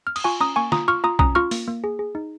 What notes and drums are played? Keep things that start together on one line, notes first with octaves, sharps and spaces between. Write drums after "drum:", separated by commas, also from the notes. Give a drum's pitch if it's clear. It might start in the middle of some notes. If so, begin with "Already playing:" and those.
F6
D#6, drum: cymbal
F4 G#5 C#6
C#4 A#5 D#6
A#3 G#5 C#6
F4 A#5 D#6, drum: snare
F4 C#6 F6
F4 A#5 D#6
C#4 A#5 D#6, drum: kick
F4 C#6 F6
A#3, drum: open hi-hat
A#3
G#4
G#4
D#4